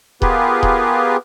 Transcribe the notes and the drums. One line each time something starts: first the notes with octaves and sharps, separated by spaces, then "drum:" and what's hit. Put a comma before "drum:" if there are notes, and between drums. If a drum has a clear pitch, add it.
B3 F4 G4 G#4 A#4 B4, drum: kick D#1
drum: kick D#1